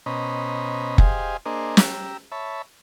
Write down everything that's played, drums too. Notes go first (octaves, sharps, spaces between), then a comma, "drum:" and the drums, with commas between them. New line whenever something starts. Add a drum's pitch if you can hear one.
B2 C#4 C5 D#5 A#5 B5
G4 G#4 C5 D#5 F5 G#5, drum: kick
A#3 D4 G#4 A#4 C5 D#5
G4 A#5 E6, drum: snare
C#5 E5 A5 B5